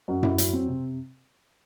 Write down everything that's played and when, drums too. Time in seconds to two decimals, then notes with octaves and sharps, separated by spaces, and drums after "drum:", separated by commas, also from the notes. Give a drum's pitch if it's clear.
0.08 F#2
0.23 E4, drum: tom F#2
0.38 F#3, drum: hi-hat
0.53 C4
0.68 C3